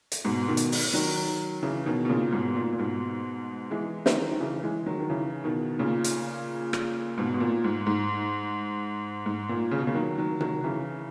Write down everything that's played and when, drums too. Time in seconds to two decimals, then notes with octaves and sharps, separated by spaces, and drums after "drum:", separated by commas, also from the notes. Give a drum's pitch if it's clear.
0.12 drum: hi-hat
0.24 G#2 B2
0.48 B2 D#3
0.57 drum: hi-hat
0.72 drum: open hi-hat
0.93 D#3 F#3
1.63 C#3 E3
1.86 B2 D#3
2.05 B2
2.09 A#2 C#3
2.32 G#2 B2
2.55 A#2
2.72 A#2
2.78 G#2 B2
3.71 E3 G#3
4.06 D#3 F#3, drum: snare
4.32 D#3
4.41 C#3 E3
4.63 E3 G#3
4.86 D#3 F#3
4.99 D#3
5.10 C#3 E3
5.44 B2 D#3
5.79 A#2 C#3
6.04 drum: hi-hat
6.73 drum: rim click
7.18 G#2 B2
7.34 B2
7.40 A#2
7.64 G#2
7.87 G#2
9.26 G#2
9.49 A#2
9.71 C#3
9.79 B2
9.87 A#2 C#3
9.95 D#3 F#3
10.18 D#3 F#3
10.40 D#3 F#3, drum: tom C3
10.64 C#3 E3